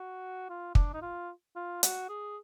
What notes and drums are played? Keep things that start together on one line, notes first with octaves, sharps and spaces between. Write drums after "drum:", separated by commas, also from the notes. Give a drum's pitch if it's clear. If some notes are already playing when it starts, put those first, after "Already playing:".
Already playing: F#4
F4
D4, drum: kick
D#4
F4
F4
F#4, drum: hi-hat
G#4